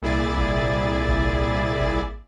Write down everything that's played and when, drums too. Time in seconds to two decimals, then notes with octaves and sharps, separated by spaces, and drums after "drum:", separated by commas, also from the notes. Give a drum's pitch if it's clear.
0.02 C2 A#2 E4 G#4 D5 A6
0.37 drum: kick G#1
1.09 drum: kick G#1
1.80 drum: kick G#1